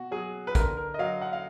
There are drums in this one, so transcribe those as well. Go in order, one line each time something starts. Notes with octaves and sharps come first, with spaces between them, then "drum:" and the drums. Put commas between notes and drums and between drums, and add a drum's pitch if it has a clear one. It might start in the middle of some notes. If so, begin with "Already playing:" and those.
Already playing: B2 F#4
F#3 G#4
B4
D3 A#4, drum: kick, hi-hat
A#4
D#5
F#3 F5
F#5
F5